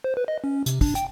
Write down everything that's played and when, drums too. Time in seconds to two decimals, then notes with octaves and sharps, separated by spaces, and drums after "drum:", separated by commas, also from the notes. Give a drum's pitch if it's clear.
0.04 C5
0.17 B4
0.28 D#5
0.44 C#4
0.66 C3, drum: hi-hat
0.81 D4, drum: kick, open hi-hat
0.95 G5, drum: hi-hat